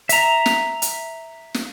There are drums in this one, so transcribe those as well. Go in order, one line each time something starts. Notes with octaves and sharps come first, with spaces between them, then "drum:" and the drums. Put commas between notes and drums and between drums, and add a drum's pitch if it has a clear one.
E5 A#5, drum: hi-hat
drum: snare
drum: hi-hat
drum: snare